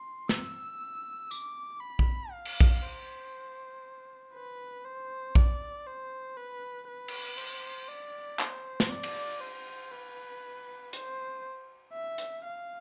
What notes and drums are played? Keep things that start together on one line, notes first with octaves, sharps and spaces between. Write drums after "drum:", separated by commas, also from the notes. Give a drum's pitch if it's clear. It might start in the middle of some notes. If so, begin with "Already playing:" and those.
Already playing: C6
E6, drum: snare
D6, drum: tambourine
B5
drum: kick A#1
F5
drum: cymbal
drum: kick A#1
C5
B4
C5
D5, drum: kick A#1
C5
B4
B4
drum: cymbal
C5, drum: cymbal
D5
C5, drum: clap
drum: snare
D5
drum: cymbal
C5
B4
C5, drum: hi-hat
E5
drum: hi-hat
F5